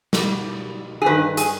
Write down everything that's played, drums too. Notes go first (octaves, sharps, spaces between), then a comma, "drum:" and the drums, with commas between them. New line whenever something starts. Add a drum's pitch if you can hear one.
B2 G3, drum: snare
G#4
G2 D#3 B4
G#4, drum: hi-hat